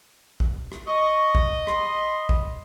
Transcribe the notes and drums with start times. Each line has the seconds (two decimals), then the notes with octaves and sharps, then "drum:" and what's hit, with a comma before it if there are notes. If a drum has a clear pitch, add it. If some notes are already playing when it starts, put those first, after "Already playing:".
0.40 drum: kick A#1
0.72 drum: rim click
0.87 D#5 C#6
1.35 drum: kick A#1
1.67 B5 C6, drum: rim click
2.29 drum: kick A#1